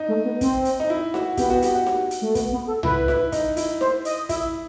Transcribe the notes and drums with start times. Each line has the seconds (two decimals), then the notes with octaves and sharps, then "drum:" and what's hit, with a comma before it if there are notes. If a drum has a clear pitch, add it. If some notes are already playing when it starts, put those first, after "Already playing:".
Already playing: D#4
0.08 A3
0.25 B3
0.41 C4, drum: kick, hi-hat
0.65 drum: hi-hat
0.80 D#4
0.90 E4
1.14 F#4, drum: snare D#4
1.37 B3 G4, drum: kick, hi-hat
1.50 F#4
1.62 G4, drum: hi-hat
1.75 F#4
1.87 drum: snare D#4
2.11 drum: hi-hat
2.22 A3
2.35 B3, drum: kick, hi-hat
2.52 B3
2.67 A4
2.83 E4 B4, drum: tom
3.08 E4, drum: snare D#4
3.32 D#4, drum: kick, hi-hat
3.57 E4, drum: hi-hat
3.81 C5, drum: snare D#4
4.05 D#5, drum: hi-hat
4.29 E4 E5, drum: kick, hi-hat